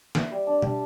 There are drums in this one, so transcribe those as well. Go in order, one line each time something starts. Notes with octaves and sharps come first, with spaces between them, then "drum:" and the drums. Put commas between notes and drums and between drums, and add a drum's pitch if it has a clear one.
E5, drum: snare
G3
D4
G3, drum: tom B2